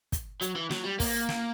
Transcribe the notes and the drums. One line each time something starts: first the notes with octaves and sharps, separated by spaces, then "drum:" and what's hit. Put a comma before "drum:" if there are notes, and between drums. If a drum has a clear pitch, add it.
drum: kick, hi-hat
F#3, drum: hi-hat
E3
F#3, drum: snare
G3
A#3, drum: kick, open hi-hat
drum: snare